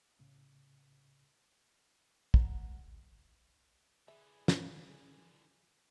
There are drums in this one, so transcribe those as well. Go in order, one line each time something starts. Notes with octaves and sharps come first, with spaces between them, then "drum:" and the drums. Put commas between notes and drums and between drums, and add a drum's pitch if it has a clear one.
C2 A2 C#3
A1 G#3 F#5 A#5, drum: kick
D3 E3 G#4 D5 E5 G#5
drum: snare